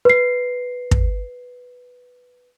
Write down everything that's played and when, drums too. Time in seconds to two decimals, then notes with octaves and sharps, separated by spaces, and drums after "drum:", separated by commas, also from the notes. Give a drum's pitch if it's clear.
0.05 B4 C7
0.91 drum: kick